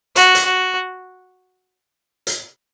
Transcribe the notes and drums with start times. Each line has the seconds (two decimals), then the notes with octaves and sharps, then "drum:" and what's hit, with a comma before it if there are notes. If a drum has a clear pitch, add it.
0.16 F#4, drum: hi-hat
0.35 drum: hi-hat
0.45 F#4
2.27 drum: hi-hat